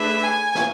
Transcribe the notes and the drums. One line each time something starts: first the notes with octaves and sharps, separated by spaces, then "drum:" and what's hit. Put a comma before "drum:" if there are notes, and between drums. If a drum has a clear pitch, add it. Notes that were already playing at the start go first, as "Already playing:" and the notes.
Already playing: A3 D4 G#4 B4 E5
G#5
drum: snare